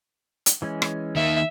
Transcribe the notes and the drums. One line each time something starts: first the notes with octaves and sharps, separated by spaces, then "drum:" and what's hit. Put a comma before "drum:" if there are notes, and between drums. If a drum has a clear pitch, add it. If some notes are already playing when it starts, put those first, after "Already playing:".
drum: hi-hat
E3 G#3 C#4
drum: rim click
D#3 A#3 E5